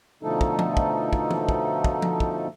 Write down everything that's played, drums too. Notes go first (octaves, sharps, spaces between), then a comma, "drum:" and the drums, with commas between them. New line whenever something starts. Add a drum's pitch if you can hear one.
B2 D3 F3 A3 D#4 A4
drum: kick
drum: tom
drum: kick
drum: kick
drum: tom E3
drum: kick
drum: kick
drum: tom
drum: kick